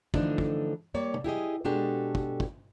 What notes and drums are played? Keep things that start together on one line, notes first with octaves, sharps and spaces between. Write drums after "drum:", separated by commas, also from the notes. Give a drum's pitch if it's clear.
D3 E3 F3 A3 D4 D#4, drum: kick
drum: kick
G3 A#3 C#5 D5
drum: tom
E4 G4 G#4 D#5
B2 G#3 D4 F#4 G4 A4
drum: kick
drum: kick